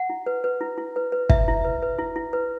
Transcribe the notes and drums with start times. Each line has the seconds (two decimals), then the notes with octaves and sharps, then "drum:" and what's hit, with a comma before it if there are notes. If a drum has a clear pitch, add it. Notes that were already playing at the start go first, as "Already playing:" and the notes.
Already playing: F#5
0.10 E4
0.26 B4
0.44 B4
0.61 E4
0.78 E4
0.96 B4
1.12 B4
1.29 E4 E5, drum: kick
1.48 E4
1.65 B4
1.82 B4
1.99 E4
2.16 E4
2.33 B4